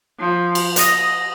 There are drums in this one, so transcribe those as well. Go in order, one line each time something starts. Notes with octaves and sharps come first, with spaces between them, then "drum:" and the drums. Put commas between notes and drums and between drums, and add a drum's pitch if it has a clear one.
F3
drum: cymbal
D#5, drum: hi-hat